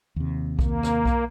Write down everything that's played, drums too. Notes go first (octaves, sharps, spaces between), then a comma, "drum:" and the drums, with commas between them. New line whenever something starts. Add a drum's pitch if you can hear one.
D#2 C3
A#3, drum: kick B1
drum: rim click
drum: kick B1